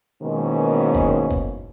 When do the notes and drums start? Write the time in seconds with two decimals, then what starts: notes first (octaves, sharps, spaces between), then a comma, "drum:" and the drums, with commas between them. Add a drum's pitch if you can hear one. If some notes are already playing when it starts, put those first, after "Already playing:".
0.23 G#2 B2 D#3 E3 A#3 C#4
0.94 drum: kick
1.30 drum: kick